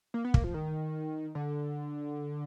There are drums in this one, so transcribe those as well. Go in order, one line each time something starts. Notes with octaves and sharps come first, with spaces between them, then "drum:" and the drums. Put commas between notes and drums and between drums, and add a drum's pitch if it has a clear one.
A#3
B3
A#3, drum: kick
F3
D#3
D3